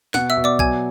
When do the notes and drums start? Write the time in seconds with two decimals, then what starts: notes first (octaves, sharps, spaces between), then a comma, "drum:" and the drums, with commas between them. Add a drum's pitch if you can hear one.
0.14 B2 F#5 F#6, drum: snare
0.30 E5 E6
0.37 B2
0.44 D5 D6
0.59 F#3 G#5 G#6, drum: kick